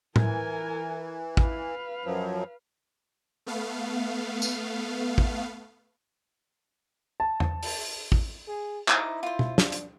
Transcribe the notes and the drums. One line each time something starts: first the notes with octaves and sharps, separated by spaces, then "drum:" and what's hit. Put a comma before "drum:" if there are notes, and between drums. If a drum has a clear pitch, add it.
E3 A#4 G#5, drum: tom A2
B4 F5, drum: kick
F#2 F3 F#3
A3 B3 F5
drum: tambourine
drum: kick
A5
drum: tom E2
drum: open hi-hat
drum: kick
G#4
D#4 E4 C5 D6, drum: clap
F4 C5
drum: tom
D4, drum: snare
drum: hi-hat